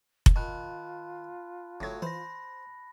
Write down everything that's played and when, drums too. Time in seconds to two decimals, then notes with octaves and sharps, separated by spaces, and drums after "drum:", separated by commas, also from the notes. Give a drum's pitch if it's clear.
0.26 drum: kick F1
0.36 D#3 F4 A5 B5 F#6
1.80 G1 A2 F#3 G#6
2.02 E3 C5 B5 A#6